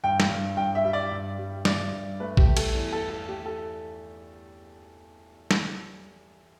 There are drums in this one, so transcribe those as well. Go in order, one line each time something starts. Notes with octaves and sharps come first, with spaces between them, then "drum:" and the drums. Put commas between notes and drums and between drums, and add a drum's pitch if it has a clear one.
G2 G5
drum: snare
G2
G2 G5
E5
G3
D5
G2
G3
G2 D5, drum: snare
G2
A3 B4
G4, drum: kick A#1
A3
A4, drum: cymbal
E2
A4
E2
A4
A3 G4
A4
drum: snare